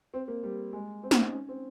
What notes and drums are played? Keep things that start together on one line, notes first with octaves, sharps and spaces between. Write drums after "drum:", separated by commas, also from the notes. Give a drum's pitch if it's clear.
C4
A#3
G3
G#3
C4
D#4, drum: snare
C#4
C#4
C4